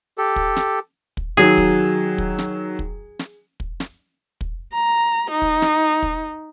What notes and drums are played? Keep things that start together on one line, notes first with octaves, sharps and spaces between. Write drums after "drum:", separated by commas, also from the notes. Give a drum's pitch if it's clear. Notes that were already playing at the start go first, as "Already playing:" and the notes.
G4 A4
drum: kick
drum: snare
drum: kick
D#3 F#3 G#4
drum: kick
drum: kick
drum: snare
drum: kick
drum: snare
drum: kick
drum: snare
drum: kick
A#5
D#4
drum: kick
drum: snare
drum: kick